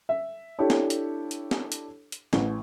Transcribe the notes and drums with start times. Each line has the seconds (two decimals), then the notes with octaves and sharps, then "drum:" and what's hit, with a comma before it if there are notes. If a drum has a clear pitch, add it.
0.09 E5
0.59 D4 E4 G4 A4 C#5
0.70 drum: snare
0.90 drum: hi-hat
1.31 drum: hi-hat
1.51 drum: snare
1.72 drum: hi-hat
2.12 drum: hi-hat
2.33 A1, drum: snare